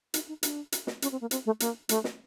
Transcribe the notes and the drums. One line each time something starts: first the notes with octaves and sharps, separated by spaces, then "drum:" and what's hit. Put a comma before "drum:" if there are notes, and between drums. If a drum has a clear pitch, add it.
D#4, drum: hi-hat
D#4
D4, drum: hi-hat
drum: hi-hat
drum: snare
C#4, drum: hi-hat
C4
A#3
C4, drum: hi-hat
A3
A#3, drum: hi-hat
A3, drum: hi-hat
drum: snare